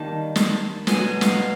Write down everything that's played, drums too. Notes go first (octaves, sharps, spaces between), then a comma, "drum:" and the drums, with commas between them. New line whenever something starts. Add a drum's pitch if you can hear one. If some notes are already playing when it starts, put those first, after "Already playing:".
Already playing: D#3 G3 A#3 A5
A5, drum: snare
B2 F#3 B3 G#5, drum: snare
F5, drum: snare